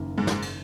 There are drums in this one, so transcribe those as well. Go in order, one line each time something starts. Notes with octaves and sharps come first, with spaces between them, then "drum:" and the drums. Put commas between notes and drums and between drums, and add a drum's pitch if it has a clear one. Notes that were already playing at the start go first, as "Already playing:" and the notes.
Already playing: F#1 F#2 D#3 A#3
G#2
drum: snare
drum: cymbal